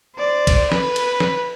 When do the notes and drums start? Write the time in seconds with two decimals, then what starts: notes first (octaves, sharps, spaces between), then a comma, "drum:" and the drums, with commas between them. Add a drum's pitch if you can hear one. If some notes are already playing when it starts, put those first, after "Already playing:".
0.16 C5 D5
0.47 drum: kick, cymbal
0.72 B4 B5, drum: snare
0.96 drum: cymbal
1.20 drum: snare